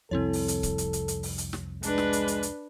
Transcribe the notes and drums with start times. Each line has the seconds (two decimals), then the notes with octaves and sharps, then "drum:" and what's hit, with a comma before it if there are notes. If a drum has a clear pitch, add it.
0.11 C2 F2 C4 E4 A4 C#5
0.33 drum: open hi-hat
0.48 drum: hi-hat
0.63 drum: kick C#1, hi-hat
0.78 drum: hi-hat
0.93 drum: hi-hat
1.08 drum: hi-hat
1.23 drum: open hi-hat
1.38 drum: hi-hat
1.53 drum: snare
1.83 G#3 D4 B4, drum: hi-hat
1.98 drum: snare
2.13 drum: hi-hat
2.28 drum: hi-hat
2.43 drum: hi-hat